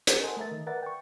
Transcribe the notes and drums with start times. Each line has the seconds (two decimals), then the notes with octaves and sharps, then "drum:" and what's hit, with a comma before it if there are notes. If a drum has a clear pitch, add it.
0.07 drum: hi-hat
0.23 A4 A#4 C5 D#5 F#5 G#5
0.37 A3 A4 A#4 D#5 E5 A6
0.51 D#3
0.66 A#4 B4 D5 E5 F#5 A6
0.82 G5 C#6